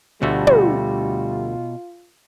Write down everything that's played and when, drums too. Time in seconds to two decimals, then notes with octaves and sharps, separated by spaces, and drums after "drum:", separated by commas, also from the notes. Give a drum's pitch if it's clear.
0.22 D2 B2 D3 G3 A3 F4 F#4
0.47 drum: tom